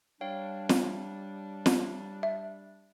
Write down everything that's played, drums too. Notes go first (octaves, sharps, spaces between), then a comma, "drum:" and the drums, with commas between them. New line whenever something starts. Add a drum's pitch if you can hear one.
G3 D4 C#5 F5 G5
drum: snare
drum: snare
E5